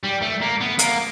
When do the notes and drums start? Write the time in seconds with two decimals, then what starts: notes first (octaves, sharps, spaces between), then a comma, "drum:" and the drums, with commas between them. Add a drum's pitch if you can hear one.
0.04 G3
0.22 A3
0.42 A#3
0.61 B3
0.79 A#3, drum: hi-hat